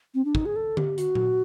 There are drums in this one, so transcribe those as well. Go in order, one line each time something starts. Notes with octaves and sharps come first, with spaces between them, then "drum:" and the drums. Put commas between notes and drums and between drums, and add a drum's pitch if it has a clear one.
C4
D4
D#4, drum: kick
G#4
A4
G4, drum: tom D3
F#4, drum: hi-hat
drum: tom A#2